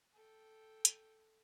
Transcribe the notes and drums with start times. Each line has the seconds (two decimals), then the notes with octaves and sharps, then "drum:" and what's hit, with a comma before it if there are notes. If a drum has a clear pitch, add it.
0.14 A4 G5
0.85 drum: hi-hat